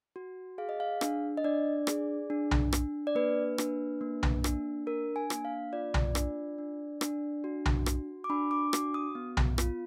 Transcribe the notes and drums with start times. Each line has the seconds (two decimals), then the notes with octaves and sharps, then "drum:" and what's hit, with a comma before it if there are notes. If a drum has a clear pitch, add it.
0.16 F#4
0.58 G#4 F5
0.69 D#5
0.80 F5
1.01 D4, drum: rim click
1.37 D#5
1.44 D4 D5
1.87 G#4, drum: rim click
2.30 D4
2.51 drum: tom B1
2.73 D4, drum: rim click
3.07 D5
3.15 A#3 B4
3.58 D4, drum: rim click
4.01 A#3
4.23 drum: tom B1
4.44 D4, drum: rim click
4.87 D4 A#4
5.16 G#5
5.30 A#3, drum: rim click
5.45 F5
5.73 F4 D5
5.94 drum: tom B1
6.15 D4, drum: rim click
6.58 D4
7.01 D4, drum: rim click
7.44 F#4
7.65 drum: tom B1
7.86 F#4, drum: rim click
8.24 D6
8.29 D4 B5
8.51 D6
8.73 F#4 D6, drum: rim click
8.94 D#6
9.15 B3
9.37 drum: tom B1
9.58 F4, drum: rim click